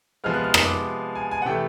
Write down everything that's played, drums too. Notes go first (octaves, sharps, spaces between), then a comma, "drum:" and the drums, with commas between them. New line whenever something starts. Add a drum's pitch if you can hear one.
C3 F3 G#3 B3 F6
F#6
F6
D#6, drum: rim click
D6
G#5
G#5
F#5
C3 E3 A3 G5